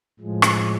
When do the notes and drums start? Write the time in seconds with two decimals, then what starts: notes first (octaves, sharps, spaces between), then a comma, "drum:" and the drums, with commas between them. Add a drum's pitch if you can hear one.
0.20 A2 F3 G#3
0.42 drum: rim click